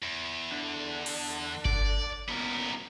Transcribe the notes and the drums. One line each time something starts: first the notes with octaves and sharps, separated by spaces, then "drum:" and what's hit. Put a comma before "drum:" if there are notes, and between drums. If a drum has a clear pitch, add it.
E2
D3
drum: open hi-hat
D5, drum: kick G1
D#2 B2 B3 A#4